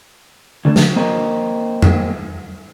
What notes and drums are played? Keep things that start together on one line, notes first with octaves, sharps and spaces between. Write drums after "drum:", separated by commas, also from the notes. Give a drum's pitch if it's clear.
D3 A3 D4
drum: snare
A#3 C4 D#5
drum: tom F2